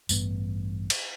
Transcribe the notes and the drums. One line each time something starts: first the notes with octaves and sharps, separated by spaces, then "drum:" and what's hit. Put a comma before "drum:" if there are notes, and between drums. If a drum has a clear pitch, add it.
A1 G2 B3, drum: tambourine
drum: cymbal